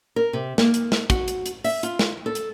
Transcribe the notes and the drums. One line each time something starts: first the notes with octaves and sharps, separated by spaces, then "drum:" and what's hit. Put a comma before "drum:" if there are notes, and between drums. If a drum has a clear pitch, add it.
A#4
C3
A#3, drum: snare
drum: hi-hat
drum: snare
F#4, drum: kick, hi-hat
drum: hi-hat
drum: hi-hat
E5, drum: open hi-hat
F4, drum: hi-hat
drum: snare
A4
drum: hi-hat